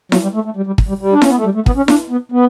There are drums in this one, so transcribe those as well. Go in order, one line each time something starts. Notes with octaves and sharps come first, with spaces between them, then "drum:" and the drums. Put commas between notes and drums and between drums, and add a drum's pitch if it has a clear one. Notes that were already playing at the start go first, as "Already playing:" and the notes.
F#3, drum: snare E4
G3
A3
A3
G3
G3
drum: kick
G3
G3
D4
C#4, drum: snare E4
B3
A3
G3
A3
B3, drum: kick
C#4
D4, drum: snare E4
B3
B3